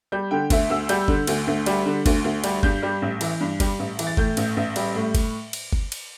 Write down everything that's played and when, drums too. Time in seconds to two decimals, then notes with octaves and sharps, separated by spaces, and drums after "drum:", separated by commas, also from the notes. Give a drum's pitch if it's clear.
0.12 G3 G6
0.31 D3 G5
0.50 D2 E5, drum: kick F#1, cymbal
0.70 D2 E6
0.89 G3 G6, drum: cymbal
1.08 D3, drum: kick F#1
1.27 D2, drum: cymbal
1.47 D2
1.66 G3, drum: cymbal
1.86 D3
2.06 D2, drum: kick F#1, cymbal
2.24 D2
2.44 G3, drum: cymbal
2.63 G2 G6, drum: kick F#1
2.83 G3
3.02 A1
3.21 E3, drum: cymbal
3.41 G2
3.60 G3, drum: kick F#1, cymbal
3.79 A1
3.99 E3, drum: cymbal
4.07 A6
4.17 A2 G6, drum: kick F#1
4.37 A1, drum: cymbal
4.57 A1
4.76 G3, drum: cymbal
4.95 A2
5.15 drum: kick F#1, cymbal
5.53 drum: cymbal
5.73 drum: kick F#1
5.92 drum: cymbal